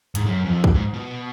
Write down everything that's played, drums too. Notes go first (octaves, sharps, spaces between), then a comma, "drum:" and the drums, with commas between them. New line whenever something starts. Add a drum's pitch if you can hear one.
G#2, drum: hi-hat
F#2
F2
drum: kick
G#2
B2